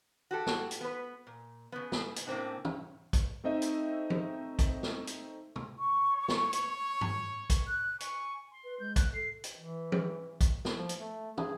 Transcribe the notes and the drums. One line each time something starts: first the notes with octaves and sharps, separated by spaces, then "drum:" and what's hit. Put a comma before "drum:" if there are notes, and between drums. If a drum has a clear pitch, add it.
F#4 G4 A4
drum: snare
drum: hi-hat
B3 B4
A#2
C#3 B3
drum: snare
drum: hi-hat
A2 C#3 E3 A#3 C4 D4
drum: tom
drum: kick, hi-hat
A3 C4 D#4 D#5 E5
drum: hi-hat
drum: tom F3
drum: kick, hi-hat
drum: snare
drum: hi-hat
drum: tom
C#6
C#5
drum: snare
drum: hi-hat
drum: tom
drum: kick, hi-hat
F#6
G#5 C#6, drum: hi-hat
C6
B4
G#3 G6
F#6, drum: kick, hi-hat
A4 C7
drum: hi-hat
E3
drum: tom F3
drum: kick, hi-hat
drum: snare
F3
drum: hi-hat
A3
G#4, drum: tom